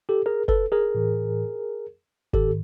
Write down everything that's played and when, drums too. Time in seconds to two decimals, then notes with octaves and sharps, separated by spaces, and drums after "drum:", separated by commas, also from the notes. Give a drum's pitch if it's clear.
0.09 G4 A4
0.26 G#4 A#4
0.48 A4 B4, drum: kick F#1
0.72 G#4 A#4
0.95 A2 E3
2.33 G#2 D#3 G4 A4, drum: kick F#1